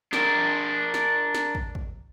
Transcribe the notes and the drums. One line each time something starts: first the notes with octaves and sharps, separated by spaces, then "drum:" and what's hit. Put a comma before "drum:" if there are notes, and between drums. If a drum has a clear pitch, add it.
D4 A#4, drum: snare
drum: snare
drum: snare
drum: kick
drum: kick